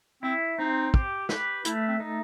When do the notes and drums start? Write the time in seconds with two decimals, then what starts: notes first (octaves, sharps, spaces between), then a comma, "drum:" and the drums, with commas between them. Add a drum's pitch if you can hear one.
0.23 C4 E4
0.59 C4 D#4
0.94 G4, drum: kick
1.29 B4, drum: snare
1.65 A3 E4, drum: hi-hat
1.88 C4
2.00 D#4